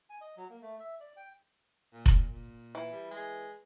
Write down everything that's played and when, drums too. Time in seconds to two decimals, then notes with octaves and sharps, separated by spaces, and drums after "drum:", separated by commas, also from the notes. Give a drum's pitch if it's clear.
0.10 G#5
0.21 D#5
0.37 F#3
0.50 A#3
0.62 A3
0.80 E5
1.00 D5
1.17 G5
1.93 A#2
2.06 drum: kick F1
2.32 A#2
2.75 E3
2.92 G3
3.11 G#3